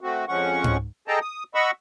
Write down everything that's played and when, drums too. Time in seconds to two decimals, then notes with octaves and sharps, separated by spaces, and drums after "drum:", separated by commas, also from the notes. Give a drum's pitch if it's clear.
0.01 A3 C4 F#4
0.28 F2 F3 G#3 C#4 F#5 C#6
0.64 drum: tom G#2
1.08 G#4 A4 D#5 G5 A5 A#5
1.21 D#6
1.55 D#5 F#5 B5 C#6 E6